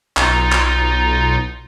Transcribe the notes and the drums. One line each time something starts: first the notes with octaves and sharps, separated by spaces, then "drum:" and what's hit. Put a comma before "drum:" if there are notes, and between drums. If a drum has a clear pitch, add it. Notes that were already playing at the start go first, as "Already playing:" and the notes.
B1 D#4 F4, drum: clap
drum: clap